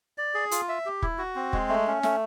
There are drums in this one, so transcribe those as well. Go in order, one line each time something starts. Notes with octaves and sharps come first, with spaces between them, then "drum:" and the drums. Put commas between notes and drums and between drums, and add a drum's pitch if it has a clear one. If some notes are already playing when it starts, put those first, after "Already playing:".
D5
G#4
F4, drum: hi-hat
E5
G4
E4, drum: kick
F#4
C4
G#3, drum: kick
A3
C#4
A3, drum: snare